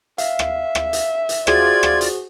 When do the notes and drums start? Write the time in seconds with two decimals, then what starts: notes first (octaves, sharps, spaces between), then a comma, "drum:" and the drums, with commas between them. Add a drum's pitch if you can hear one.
0.18 E5 F5, drum: hi-hat
0.39 drum: rim click
0.75 drum: rim click
0.93 drum: hi-hat
1.29 drum: hi-hat
1.47 F4 F#4 G#4 C5 D5 G#6, drum: rim click
1.83 drum: rim click
2.01 drum: hi-hat